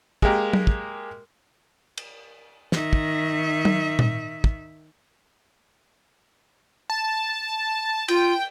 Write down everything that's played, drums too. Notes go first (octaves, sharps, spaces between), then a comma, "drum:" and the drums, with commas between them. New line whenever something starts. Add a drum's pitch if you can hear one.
G#3 A#3 G4 A#4, drum: kick
drum: tom F#3
drum: kick
drum: cymbal
D#3 E5, drum: snare
drum: kick
drum: tom F#3
drum: tom A#2
drum: kick
A5
F4 G5, drum: cymbal